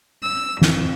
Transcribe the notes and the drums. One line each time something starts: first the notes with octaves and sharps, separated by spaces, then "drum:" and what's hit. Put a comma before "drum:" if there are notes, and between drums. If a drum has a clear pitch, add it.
E6
F2, drum: snare